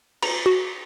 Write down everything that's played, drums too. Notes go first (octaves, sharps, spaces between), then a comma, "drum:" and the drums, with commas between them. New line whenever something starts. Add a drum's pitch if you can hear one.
A#5, drum: cymbal
F#4